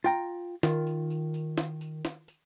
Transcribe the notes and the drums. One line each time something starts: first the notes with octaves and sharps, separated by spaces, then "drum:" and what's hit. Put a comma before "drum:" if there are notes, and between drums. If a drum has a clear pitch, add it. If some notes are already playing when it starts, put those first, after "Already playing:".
F4 G5 A#5
D#3 F4, drum: snare
drum: tambourine
drum: tambourine
drum: tambourine
drum: snare
drum: tambourine
drum: snare
drum: tambourine